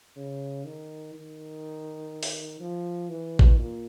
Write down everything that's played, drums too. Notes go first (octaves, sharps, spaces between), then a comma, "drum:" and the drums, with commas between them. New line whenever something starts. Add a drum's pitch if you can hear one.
C#3
D#3
D#3
drum: open hi-hat
F3
E3
drum: kick
A#2